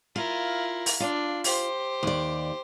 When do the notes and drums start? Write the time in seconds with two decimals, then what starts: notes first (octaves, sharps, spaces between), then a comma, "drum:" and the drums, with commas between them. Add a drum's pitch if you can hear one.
0.16 E4 F4 A#4
0.86 drum: open hi-hat
1.00 D4 F4
1.44 G4 C5, drum: open hi-hat
2.03 D#2 D5